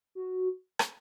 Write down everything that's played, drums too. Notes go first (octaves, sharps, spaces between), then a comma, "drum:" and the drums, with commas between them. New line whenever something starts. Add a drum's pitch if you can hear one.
F#4
drum: rim click